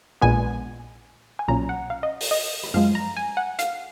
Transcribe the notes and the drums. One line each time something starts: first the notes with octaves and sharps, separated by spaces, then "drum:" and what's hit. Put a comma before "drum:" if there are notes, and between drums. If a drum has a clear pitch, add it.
A#1 A#2 G#3 B3 G#5
G#5
B1 A#2 F#3 C#4 A#5
F#5
F5
D#5
drum: open hi-hat
D#5
drum: rim click
F#2 F3 G#3 F5
A#5
G#5
F#5
F5, drum: hi-hat